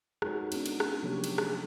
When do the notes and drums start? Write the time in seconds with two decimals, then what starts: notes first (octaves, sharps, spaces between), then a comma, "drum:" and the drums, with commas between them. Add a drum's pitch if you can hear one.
0.22 G#3 D#4 F#4 A#4 C#5, drum: rim click
0.52 B3 C#4 D4, drum: cymbal
0.66 drum: cymbal
0.80 drum: rim click
1.03 C3 F3 F#3 A#3 G4 C#5
1.24 drum: cymbal
1.38 drum: rim click